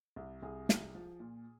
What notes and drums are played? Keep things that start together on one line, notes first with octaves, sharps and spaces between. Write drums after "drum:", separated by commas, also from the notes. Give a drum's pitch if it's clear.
C2
C2 G#4
C2, drum: snare
F3
A#2